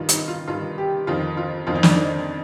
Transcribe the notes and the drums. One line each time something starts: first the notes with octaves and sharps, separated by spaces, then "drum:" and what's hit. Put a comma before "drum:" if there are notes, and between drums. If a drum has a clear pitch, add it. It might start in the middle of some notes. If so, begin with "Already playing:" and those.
Already playing: G2 D#3 F4
D#4, drum: hi-hat
F4
G2 D#3 F4
G4
F2 D#3 F4
F4
F2 D#3 F4
D#4
D4, drum: snare
D#4